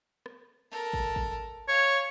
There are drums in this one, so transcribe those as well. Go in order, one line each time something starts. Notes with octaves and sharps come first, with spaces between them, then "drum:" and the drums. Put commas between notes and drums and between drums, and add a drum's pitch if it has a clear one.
drum: rim click
A4 A#4
drum: kick
drum: kick
C#5 F5